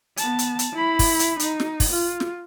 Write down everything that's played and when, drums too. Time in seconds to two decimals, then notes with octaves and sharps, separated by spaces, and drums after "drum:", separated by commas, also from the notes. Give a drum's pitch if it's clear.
0.17 B3 A5, drum: hi-hat
0.39 drum: hi-hat
0.59 drum: hi-hat
0.73 E4 B5
0.99 drum: kick, open hi-hat
1.19 drum: hi-hat
1.40 D#4, drum: hi-hat
1.60 drum: snare
1.80 drum: kick, open hi-hat
1.90 F4
2.20 drum: snare